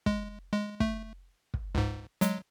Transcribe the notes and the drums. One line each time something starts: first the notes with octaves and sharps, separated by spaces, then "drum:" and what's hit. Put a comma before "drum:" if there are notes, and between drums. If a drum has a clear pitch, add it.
G#3, drum: kick
G#3
A3, drum: kick
drum: kick
C#2 G#2
F#3 G#3, drum: hi-hat